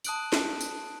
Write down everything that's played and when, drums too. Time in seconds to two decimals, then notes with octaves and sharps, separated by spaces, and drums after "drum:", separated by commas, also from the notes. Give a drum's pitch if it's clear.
0.04 A5 D#6 F#6 D7 F#7, drum: tambourine
0.33 drum: snare
0.61 drum: tambourine